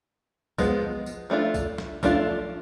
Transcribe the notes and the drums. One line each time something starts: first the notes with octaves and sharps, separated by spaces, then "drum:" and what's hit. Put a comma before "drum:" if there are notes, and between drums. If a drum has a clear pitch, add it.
F3 G#3 B3, drum: kick A#1, tambourine
drum: tambourine
F3 A3 D4 F4
drum: kick A#1, tambourine
drum: snare
F3 A3 D4 F4, drum: kick A#1, tambourine